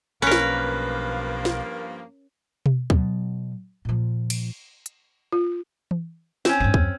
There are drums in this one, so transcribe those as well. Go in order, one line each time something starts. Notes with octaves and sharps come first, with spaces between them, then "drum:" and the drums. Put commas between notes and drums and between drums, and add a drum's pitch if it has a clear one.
B1 G2 F3 A#3 C#4 A#4 B4
drum: snare
drum: snare
drum: tom B2
B2 F#3, drum: kick D2
A#2 F3
drum: cymbal
drum: hi-hat
F4
drum: tom E3
C4 C#4, drum: snare
G2 D3
F#2, drum: kick D2